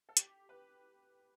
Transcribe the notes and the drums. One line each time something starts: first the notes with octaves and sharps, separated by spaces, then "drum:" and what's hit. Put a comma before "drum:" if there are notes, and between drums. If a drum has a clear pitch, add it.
A4
G4, drum: hi-hat
B4